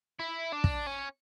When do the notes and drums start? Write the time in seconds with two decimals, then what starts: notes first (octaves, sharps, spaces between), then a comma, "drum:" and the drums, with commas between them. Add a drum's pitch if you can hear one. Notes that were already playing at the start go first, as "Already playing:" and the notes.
0.20 E4
0.52 D4
0.64 drum: kick
0.86 C#4